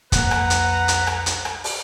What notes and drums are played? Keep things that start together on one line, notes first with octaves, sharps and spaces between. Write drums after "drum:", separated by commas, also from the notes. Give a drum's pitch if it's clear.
B1 F2 A#3 B4 F#5 A#5, drum: kick, hi-hat
drum: rim click
drum: hi-hat
drum: hi-hat
drum: rim click
drum: hi-hat
drum: rim click
drum: open hi-hat